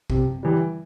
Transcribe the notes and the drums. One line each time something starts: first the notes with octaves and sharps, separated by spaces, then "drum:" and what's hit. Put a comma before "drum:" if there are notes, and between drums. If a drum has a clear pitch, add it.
C3, drum: kick
E3 G3